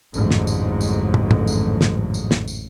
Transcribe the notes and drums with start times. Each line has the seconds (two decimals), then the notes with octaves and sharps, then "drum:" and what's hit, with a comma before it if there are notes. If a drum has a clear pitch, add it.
0.14 A1 F2 G#2 D3 F#3, drum: tambourine
0.31 drum: snare
0.47 drum: tambourine
0.81 drum: tambourine
1.14 drum: tom
1.31 drum: tom
1.47 drum: tambourine
1.81 drum: snare
2.14 drum: tambourine
2.31 drum: snare
2.47 drum: tambourine